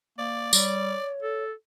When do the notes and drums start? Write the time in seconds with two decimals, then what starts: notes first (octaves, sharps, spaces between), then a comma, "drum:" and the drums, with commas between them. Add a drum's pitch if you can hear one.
0.19 A#3 D5
0.53 G3 C#5, drum: tambourine
1.23 A4